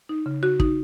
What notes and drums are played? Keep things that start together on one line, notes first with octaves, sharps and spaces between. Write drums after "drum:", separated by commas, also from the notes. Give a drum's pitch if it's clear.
D#4
C#3
F#4
D#4, drum: kick